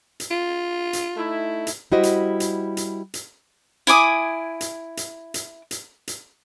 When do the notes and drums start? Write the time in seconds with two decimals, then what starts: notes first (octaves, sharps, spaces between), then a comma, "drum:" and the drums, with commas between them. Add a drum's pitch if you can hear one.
0.20 drum: hi-hat
0.31 F4
0.93 drum: hi-hat
1.16 A3 D#4 E4
1.67 drum: hi-hat
1.92 G3 E4 F#4 C5 D#5
2.03 drum: hi-hat
2.40 drum: hi-hat
2.77 drum: hi-hat
3.14 drum: hi-hat
3.87 E4 G#5 D6 D#6, drum: hi-hat
4.61 drum: hi-hat
4.97 drum: hi-hat
5.34 drum: hi-hat
5.71 drum: hi-hat
6.08 drum: hi-hat